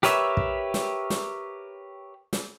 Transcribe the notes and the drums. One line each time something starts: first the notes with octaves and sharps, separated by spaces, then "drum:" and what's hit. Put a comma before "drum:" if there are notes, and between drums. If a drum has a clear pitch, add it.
G4 A#4 B4 C#5 E5, drum: hi-hat
drum: kick
drum: snare
drum: snare
drum: snare